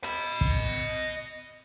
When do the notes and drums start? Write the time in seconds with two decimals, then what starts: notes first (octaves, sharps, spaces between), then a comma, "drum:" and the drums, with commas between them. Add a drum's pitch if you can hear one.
0.04 D#5 B5, drum: hi-hat
0.41 drum: kick